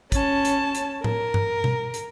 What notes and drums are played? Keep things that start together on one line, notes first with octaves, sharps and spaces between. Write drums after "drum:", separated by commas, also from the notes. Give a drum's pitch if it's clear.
C#4 A5, drum: kick, hi-hat
drum: hi-hat
drum: hi-hat
A#4, drum: tom A2
drum: tom G2
drum: tom B2
drum: hi-hat